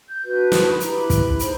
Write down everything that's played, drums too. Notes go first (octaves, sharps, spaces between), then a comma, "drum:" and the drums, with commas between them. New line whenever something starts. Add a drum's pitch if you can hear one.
G6
D4 F#4 B4 G6
D#6, drum: snare
C#6
B5
E4 G4 B4 A#5, drum: hi-hat
B5
drum: kick, hi-hat
D#4 G#4 C5, drum: hi-hat